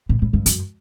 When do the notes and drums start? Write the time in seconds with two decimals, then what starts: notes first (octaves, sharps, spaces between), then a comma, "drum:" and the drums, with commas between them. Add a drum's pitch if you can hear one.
0.09 A2
0.22 A2
0.33 G2
0.46 F#2, drum: hi-hat